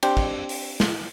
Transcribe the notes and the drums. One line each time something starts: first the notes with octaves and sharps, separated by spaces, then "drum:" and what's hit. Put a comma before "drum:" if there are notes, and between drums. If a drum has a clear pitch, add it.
C4 D4 G4 C5, drum: cymbal
drum: kick
drum: open hi-hat
drum: snare